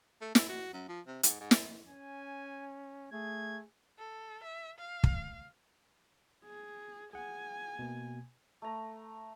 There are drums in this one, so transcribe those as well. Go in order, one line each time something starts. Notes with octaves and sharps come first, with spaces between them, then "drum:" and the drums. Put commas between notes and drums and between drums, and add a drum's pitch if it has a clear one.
A3
E4, drum: snare
F#4
F#2
F3
C3
G#2, drum: hi-hat
G#2
drum: snare
C#4 G#5
A3 G#4 G#6
A4
E5
F5
drum: kick
G#4
G#4 F#5 G#5
B2 A#3
A3 A#5